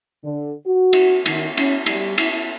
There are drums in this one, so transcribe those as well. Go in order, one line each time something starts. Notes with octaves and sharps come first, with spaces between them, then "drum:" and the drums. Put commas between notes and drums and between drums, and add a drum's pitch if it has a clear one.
D3
F#4
drum: cymbal
D#3, drum: cymbal
C#4, drum: cymbal
G3, drum: cymbal
E4, drum: cymbal